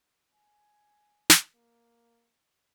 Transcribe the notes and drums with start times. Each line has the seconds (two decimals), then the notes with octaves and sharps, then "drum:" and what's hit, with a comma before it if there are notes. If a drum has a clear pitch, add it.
0.34 G#5
1.30 drum: snare
1.54 A#3